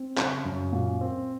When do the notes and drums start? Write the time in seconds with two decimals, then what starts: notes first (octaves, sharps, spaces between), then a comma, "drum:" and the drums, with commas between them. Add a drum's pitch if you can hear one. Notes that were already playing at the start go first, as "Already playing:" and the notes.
Already playing: C4
0.17 C#3, drum: clap
0.45 F#2
0.73 A#2
1.01 C4